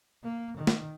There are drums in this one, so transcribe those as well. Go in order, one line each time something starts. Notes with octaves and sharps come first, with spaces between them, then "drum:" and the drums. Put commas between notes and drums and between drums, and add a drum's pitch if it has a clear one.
A#3
D#3
drum: snare